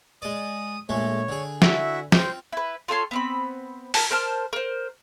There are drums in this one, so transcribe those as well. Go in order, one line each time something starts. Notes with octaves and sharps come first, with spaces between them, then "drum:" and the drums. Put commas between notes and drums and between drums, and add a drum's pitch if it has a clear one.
G#3 D5 D#6
A#1 G#3 A3 C#5
D3 G#4
E4 F#4 E5, drum: snare
C4 F4 C5, drum: snare
E4 B4
F4 A4 C#5 C6
B3 C4 B5
A#4 A5, drum: open hi-hat
A#4 C5 A5 F6
A#4 C5